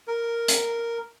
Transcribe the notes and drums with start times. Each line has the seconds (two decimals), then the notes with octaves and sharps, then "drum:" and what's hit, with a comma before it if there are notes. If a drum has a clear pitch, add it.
0.08 A#4
0.48 drum: hi-hat